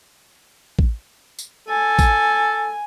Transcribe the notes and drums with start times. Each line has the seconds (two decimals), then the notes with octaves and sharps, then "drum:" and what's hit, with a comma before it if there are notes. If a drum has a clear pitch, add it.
0.79 drum: kick A1
1.39 drum: tambourine
1.69 A4 G#5
1.99 drum: kick A1, tambourine